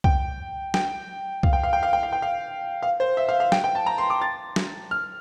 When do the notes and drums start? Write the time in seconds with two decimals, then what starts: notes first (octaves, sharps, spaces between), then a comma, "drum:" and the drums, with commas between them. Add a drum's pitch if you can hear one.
0.04 G5, drum: kick C2
0.74 G5, drum: snare
1.43 F5, drum: kick C2
1.53 G5
1.63 F5
1.73 G5
1.83 F5
1.93 G5
2.03 F5
2.13 G5
2.22 F5
2.83 F5
3.00 C5
3.17 E5
3.29 F5
3.40 F5
3.52 G5, drum: snare
3.64 G5
3.75 A5
3.86 A#5
3.98 C6
4.10 D6
4.22 A6
4.56 drum: snare
4.91 F6